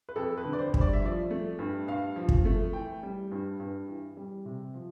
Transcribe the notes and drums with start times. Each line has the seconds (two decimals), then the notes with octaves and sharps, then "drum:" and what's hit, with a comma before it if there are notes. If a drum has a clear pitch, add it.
0.09 B4
0.16 F2 A4
0.38 B4
0.45 D3
0.53 D5
0.59 C5
0.74 G3, drum: kick
0.81 D5
0.93 E5
1.02 F3 D5
1.31 A3
1.59 G2
1.88 G2 F5
2.16 F3
2.29 drum: kick
2.45 A3
2.73 E3 G5
3.03 G3
3.31 G2
3.60 G2
3.88 E3
4.17 G3
4.45 C3
4.74 F3